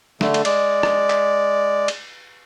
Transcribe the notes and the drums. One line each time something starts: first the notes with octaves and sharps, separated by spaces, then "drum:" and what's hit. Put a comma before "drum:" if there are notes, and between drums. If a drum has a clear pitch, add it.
D3 A3, drum: snare
drum: cymbal
G#3 D5, drum: cymbal
drum: rim click
drum: clap
drum: cymbal